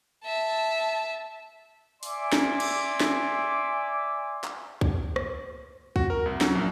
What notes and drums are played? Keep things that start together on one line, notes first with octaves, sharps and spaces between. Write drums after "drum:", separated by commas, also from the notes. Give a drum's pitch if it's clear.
E5 A5
D5 E5 G#5 C6 D6, drum: open hi-hat
drum: snare
drum: cymbal
drum: snare
drum: clap
drum: kick
drum: rim click
F#4, drum: kick
A#4
C2
F#3, drum: snare
A#1